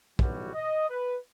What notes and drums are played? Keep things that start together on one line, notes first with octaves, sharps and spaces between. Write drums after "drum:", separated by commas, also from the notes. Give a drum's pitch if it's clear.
B1 E3 G3 F#4, drum: kick
D#5
B4